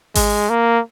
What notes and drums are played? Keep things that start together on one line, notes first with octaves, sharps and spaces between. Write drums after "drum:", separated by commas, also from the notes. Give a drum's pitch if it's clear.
G#3, drum: kick G#1, open hi-hat
A#3